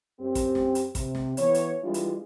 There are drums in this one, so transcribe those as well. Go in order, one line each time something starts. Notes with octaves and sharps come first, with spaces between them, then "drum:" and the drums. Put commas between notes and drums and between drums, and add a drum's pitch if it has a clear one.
F#2 C4 G4
drum: kick, hi-hat
drum: snare
drum: hi-hat
C3, drum: kick, hi-hat
drum: snare
E3 B3 C#5, drum: hi-hat
drum: hi-hat
E3 G3 G#3 D4 E4 F4
drum: hi-hat